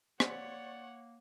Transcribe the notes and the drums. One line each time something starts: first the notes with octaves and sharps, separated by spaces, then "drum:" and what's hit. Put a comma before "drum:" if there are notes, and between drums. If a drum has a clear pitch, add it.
A#3 C#5 D5 F#5, drum: rim click